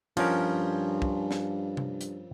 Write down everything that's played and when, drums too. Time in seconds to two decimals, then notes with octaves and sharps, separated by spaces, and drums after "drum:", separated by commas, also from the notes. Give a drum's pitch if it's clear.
0.17 G2 F3 C#4 A#4, drum: cymbal
1.02 drum: kick
1.31 drum: snare
1.77 drum: tom C3
2.01 drum: hi-hat